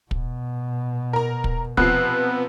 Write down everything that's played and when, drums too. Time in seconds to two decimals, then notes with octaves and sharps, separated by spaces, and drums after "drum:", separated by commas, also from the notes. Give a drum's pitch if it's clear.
0.11 B2, drum: kick
1.13 A#4 A#5
1.44 drum: kick
1.77 C3 F3 B3 F#6 C7, drum: kick